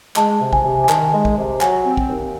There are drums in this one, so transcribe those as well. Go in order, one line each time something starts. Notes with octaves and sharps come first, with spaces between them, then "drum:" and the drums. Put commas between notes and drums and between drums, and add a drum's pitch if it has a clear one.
G#3 A5, drum: clap
C3
G#5, drum: kick
C3
G#5
D#3 A5, drum: clap
G#3
drum: kick
C3
F#3 G#5, drum: clap
C4
drum: kick
D#2